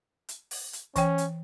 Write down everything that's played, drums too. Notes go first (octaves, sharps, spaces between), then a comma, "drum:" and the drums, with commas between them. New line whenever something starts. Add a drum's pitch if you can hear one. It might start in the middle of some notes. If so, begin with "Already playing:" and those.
drum: hi-hat
drum: open hi-hat
drum: hi-hat
E3 C#4 C#5 G5, drum: kick, hi-hat
drum: hi-hat